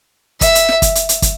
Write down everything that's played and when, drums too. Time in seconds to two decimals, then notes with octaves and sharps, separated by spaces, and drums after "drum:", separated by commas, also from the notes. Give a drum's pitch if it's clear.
0.41 E5, drum: kick, hi-hat
0.55 drum: hi-hat
0.68 drum: snare
0.82 drum: kick, hi-hat
0.95 drum: hi-hat
1.09 drum: hi-hat
1.22 drum: kick, hi-hat